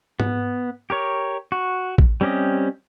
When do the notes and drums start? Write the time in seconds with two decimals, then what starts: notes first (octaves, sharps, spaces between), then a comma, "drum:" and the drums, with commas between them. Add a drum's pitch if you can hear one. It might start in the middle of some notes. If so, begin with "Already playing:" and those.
0.20 B3, drum: tom G#2
0.90 G4 A#4 C#5
1.52 F#4
1.98 drum: kick A1
2.21 G3 C4 C#4 G4 D#5